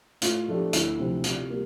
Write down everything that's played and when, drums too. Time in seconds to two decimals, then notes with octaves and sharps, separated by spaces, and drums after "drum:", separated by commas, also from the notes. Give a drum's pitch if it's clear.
0.22 A2 F4, drum: hi-hat
0.48 F3 A3 D4 G4
0.73 D2 E4, drum: hi-hat
0.99 C3 F3 C4
1.24 C3 F4, drum: hi-hat
1.50 G3 A#3